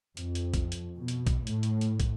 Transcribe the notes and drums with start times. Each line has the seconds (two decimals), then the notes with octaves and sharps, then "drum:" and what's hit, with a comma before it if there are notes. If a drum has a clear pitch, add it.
0.17 F2, drum: hi-hat
0.35 drum: hi-hat
0.54 drum: kick, hi-hat
0.72 drum: hi-hat
0.98 B2
1.08 drum: hi-hat
1.27 drum: kick, hi-hat
1.47 A2, drum: hi-hat
1.63 drum: hi-hat
1.81 drum: hi-hat
2.00 drum: kick, hi-hat